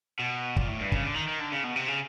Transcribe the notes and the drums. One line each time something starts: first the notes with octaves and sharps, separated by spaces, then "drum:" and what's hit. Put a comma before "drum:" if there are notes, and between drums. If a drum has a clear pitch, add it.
B2
A#2, drum: kick
A2
G2
C#3, drum: kick
D3
D#3
D#3
D3
C#3
B2
C3
C#3